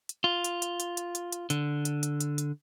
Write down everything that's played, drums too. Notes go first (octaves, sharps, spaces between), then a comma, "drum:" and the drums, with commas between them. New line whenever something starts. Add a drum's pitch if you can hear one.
drum: hi-hat
F4
drum: hi-hat
drum: hi-hat
drum: hi-hat
drum: hi-hat
drum: hi-hat
drum: hi-hat
D3, drum: hi-hat
drum: hi-hat
drum: hi-hat
drum: hi-hat
drum: hi-hat